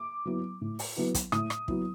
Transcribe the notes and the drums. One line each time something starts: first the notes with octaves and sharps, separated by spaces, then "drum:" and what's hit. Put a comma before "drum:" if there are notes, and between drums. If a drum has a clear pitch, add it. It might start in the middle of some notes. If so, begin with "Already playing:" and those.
Already playing: D6
F#3 B3 E4
A2
drum: open hi-hat
F#3 B3 E4
drum: kick, hi-hat
A2 D#6, drum: rim click
drum: rim click
F#3 B3 E4, drum: kick